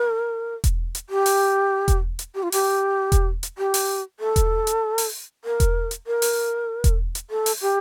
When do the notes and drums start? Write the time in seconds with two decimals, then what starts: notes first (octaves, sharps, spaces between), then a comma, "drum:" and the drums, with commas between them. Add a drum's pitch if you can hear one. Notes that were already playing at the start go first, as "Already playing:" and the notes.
Already playing: A#4
0.64 drum: kick E1, hi-hat
0.95 drum: hi-hat
1.10 G4
1.26 drum: open hi-hat
1.88 drum: kick E1, hi-hat
2.19 drum: hi-hat
2.35 G4
2.43 F4
2.52 G4, drum: open hi-hat
3.12 drum: kick E1, hi-hat
3.43 drum: hi-hat
3.58 G4
3.74 drum: open hi-hat
4.20 A4
4.36 drum: kick E1, hi-hat
4.67 drum: hi-hat
4.98 drum: open hi-hat
5.45 A#4
5.60 drum: kick E1, hi-hat
5.91 drum: hi-hat
6.07 A#4
6.22 drum: open hi-hat
6.84 drum: kick E1, hi-hat
7.15 drum: hi-hat
7.30 A4
7.46 drum: open hi-hat
7.62 G4